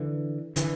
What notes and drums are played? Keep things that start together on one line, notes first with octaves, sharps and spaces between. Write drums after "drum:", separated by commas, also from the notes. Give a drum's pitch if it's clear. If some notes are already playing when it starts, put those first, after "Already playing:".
Already playing: D3 E3
D3 E3, drum: hi-hat